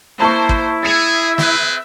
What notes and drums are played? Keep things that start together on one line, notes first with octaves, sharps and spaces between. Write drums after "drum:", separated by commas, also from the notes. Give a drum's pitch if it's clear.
A#3 E4 C5 A5 C#6
drum: kick
G#4 E5 A6 C#7 E7
C4 G#4 B4, drum: snare